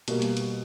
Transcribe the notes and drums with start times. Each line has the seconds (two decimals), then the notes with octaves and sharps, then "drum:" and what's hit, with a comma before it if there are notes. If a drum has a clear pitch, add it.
0.08 B2 G3 A#3, drum: hi-hat
0.22 drum: hi-hat
0.37 drum: hi-hat